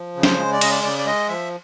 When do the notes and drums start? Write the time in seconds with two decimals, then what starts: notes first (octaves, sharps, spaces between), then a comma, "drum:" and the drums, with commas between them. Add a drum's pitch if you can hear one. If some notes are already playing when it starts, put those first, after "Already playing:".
Already playing: F3
0.16 C#3
0.23 C5, drum: snare
0.38 G#3
0.53 D5
0.61 C#3 D#5, drum: cymbal
0.71 D5
0.83 C#3 D5
0.98 D5
1.06 G#3 D#5
1.28 F3 E5